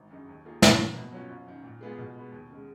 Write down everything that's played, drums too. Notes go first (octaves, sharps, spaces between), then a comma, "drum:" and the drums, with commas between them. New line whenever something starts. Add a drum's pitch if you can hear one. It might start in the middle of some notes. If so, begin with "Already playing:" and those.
Already playing: G#1
F#2 D#3 G#3 D#4
D#2
D#3 A#3 F4 G#4
F#2, drum: snare
D#3 A#3
B2
F#3 C#4 F4
F#1
F#2 D#3
A#2
G#3 B3 F4 G#4
B2
G#3 B3
D#2
C#3 G#3